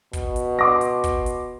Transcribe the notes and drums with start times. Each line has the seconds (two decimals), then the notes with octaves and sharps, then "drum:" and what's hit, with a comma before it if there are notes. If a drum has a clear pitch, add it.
0.13 B2, drum: kick, hi-hat
0.36 drum: hi-hat
0.59 C6 D6 A#6
0.81 drum: hi-hat
1.04 drum: kick, hi-hat
1.26 drum: hi-hat